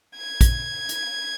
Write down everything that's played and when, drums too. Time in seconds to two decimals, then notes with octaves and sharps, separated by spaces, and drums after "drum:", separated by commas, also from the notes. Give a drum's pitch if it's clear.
0.17 G#6
0.41 drum: kick, hi-hat
0.89 drum: hi-hat